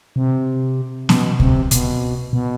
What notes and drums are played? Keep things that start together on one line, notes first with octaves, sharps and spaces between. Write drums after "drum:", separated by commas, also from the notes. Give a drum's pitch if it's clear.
C3
B2, drum: snare B3
C3, drum: kick C#2
B2, drum: hi-hat
B2